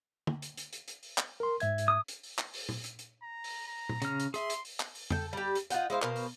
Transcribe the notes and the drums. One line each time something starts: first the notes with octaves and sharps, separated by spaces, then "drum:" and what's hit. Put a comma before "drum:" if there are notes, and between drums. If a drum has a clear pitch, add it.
drum: tom
drum: hi-hat
drum: hi-hat
drum: hi-hat
drum: hi-hat
drum: open hi-hat
drum: clap
A#4 C6
G#2 E5 G#6, drum: hi-hat
drum: hi-hat
D#6
drum: hi-hat
drum: open hi-hat
drum: clap
drum: open hi-hat
drum: tom A#2
drum: hi-hat
drum: hi-hat
A#5
drum: open hi-hat
A#5
drum: tom A#2
C#3 F6, drum: hi-hat
drum: hi-hat
G#4 E5 C6, drum: hi-hat
drum: hi-hat
drum: open hi-hat
drum: clap
drum: open hi-hat
A4 G5, drum: tom F2
G3 G4
drum: hi-hat
F4 D#5 F#5 G5, drum: hi-hat
G#3 E4 C5 F5
B2 A#4 C5 F5, drum: clap
drum: open hi-hat